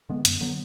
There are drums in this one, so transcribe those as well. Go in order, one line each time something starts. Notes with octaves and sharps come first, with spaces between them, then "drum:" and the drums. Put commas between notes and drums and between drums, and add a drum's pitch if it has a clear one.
D3 G#3 B3
F#2, drum: hi-hat
D3 F#3 B3